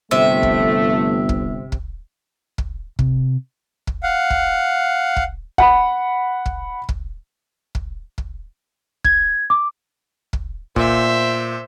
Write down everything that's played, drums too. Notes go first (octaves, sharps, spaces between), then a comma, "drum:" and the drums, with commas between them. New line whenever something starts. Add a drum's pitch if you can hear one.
G1 C3 F3 A3 E5
drum: kick
drum: kick
drum: kick
drum: kick
C3, drum: kick
drum: kick
F5 F#5
drum: kick
drum: kick
F#5 B5, drum: kick
drum: kick
drum: kick
drum: kick
drum: kick
G#6, drum: kick
D6
drum: kick
A#2 C5 E5, drum: kick